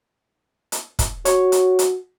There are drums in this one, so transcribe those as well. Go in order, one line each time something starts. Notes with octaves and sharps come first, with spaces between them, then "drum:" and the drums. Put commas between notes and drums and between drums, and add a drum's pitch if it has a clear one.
drum: hi-hat
drum: kick, hi-hat
F#4 C#5, drum: hi-hat
drum: hi-hat
drum: hi-hat